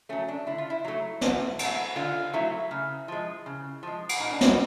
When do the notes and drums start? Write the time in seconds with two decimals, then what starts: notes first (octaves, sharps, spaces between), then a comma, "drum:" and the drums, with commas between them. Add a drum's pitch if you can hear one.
0.09 F#3 A3 C#4
0.28 D4
0.47 D3 E4
0.58 F4
0.70 E4
0.84 F#3 A3
1.21 D3, drum: snare
1.59 F#3 A3, drum: cymbal
1.96 D3 F4
2.33 F#3 A3 E4
2.71 C#3
3.08 F3 G#3
3.46 C#3
3.83 F3 G#3
4.09 drum: cymbal
4.20 A#2 D#4
4.31 D4
4.41 D#4, drum: snare